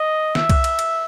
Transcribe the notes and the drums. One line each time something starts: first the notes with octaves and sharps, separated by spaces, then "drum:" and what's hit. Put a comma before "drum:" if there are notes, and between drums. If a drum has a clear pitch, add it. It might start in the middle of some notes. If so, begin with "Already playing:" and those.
Already playing: D#5
E5, drum: snare
drum: kick C2, cymbal
drum: cymbal
drum: cymbal